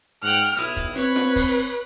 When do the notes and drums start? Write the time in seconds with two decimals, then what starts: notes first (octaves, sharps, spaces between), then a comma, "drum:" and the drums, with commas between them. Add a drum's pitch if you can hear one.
0.23 G#2 F#5 G5 F6
0.57 B1 E4 D#6, drum: hi-hat
0.77 drum: kick, hi-hat
0.95 C4 B4 C#5, drum: hi-hat
1.16 drum: snare F4
1.36 drum: kick, open hi-hat